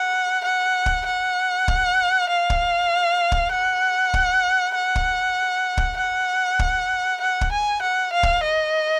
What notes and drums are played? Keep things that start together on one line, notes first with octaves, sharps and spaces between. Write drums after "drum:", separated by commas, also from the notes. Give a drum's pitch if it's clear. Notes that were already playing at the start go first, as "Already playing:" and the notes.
Already playing: F#5
F#5
drum: kick
F#5
drum: kick
F5
drum: kick
drum: kick
F#5
drum: kick
F#5
drum: kick
drum: kick
F#5
drum: kick
F#5
drum: kick
G#5
F#5
F5
drum: kick
D#5